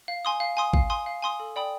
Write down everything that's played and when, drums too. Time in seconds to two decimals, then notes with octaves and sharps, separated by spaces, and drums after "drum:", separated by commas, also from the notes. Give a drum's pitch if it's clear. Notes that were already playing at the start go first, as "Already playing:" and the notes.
0.08 F5
0.25 G#5 C6 D#6
0.40 F5
0.57 G#5 C6 D#6
0.73 F5, drum: kick G#1
0.90 G#5 C6 D#6
1.06 F5
1.22 G#5 C6 D#6
1.40 A4
1.56 D5 G5 B5 D#6